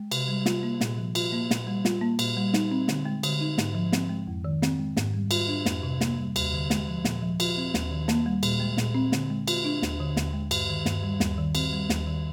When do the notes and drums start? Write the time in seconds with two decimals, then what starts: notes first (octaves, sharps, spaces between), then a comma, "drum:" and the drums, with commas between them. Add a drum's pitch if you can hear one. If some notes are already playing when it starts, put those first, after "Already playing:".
Already playing: G#3
0.11 C3, drum: cymbal
0.28 G3
0.46 F4, drum: snare
0.63 A#3
0.81 A#2, drum: snare
0.98 F3
1.15 F4, drum: cymbal
1.32 A#3
1.51 A#2, drum: snare
1.67 G3
1.85 F4, drum: snare
2.01 A#3
2.19 A#2, drum: cymbal
2.37 G3
2.54 D#4, drum: snare
2.71 C4
2.88 D3, drum: snare
3.05 G#3
3.23 D3, drum: cymbal
3.41 D#4
3.58 G#2, drum: snare
3.75 F3
3.92 C4, drum: snare
4.09 G#3
4.27 F2
4.45 D#3
4.62 C4, drum: snare
4.79 G#3
4.97 G#2, drum: snare
5.14 G3
5.31 F4, drum: cymbal
5.48 D4
5.66 F2, drum: snare
5.83 C3
6.01 A#3, drum: snare
6.18 G3
6.36 D#2, drum: cymbal
6.53 D3
6.70 G#3, drum: snare
6.88 F3
7.05 A#2, drum: snare
7.22 F3
7.40 F4, drum: cymbal
7.57 C4
7.74 D#2, drum: snare
7.91 D#3
8.08 A#3, drum: snare
8.26 G3
8.43 A#2, drum: cymbal
8.60 G#3
8.77 A#2, drum: snare
8.95 C4
9.12 D3, drum: snare
9.30 G#3
9.48 F4, drum: cymbal
9.65 D4
9.82 D#2, drum: snare
10.00 D3
10.17 D#2, drum: snare
10.33 G#3
10.51 G2, drum: cymbal
10.69 D#3
10.86 G2, drum: snare
11.03 G3
11.20 D#2, drum: snare
11.38 D#3
11.55 C4, drum: cymbal
11.73 G3
11.89 D#2, drum: snare
12.07 D#3